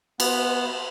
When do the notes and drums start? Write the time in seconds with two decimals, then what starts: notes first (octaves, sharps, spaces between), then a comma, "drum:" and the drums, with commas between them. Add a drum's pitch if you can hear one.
0.20 B3, drum: cymbal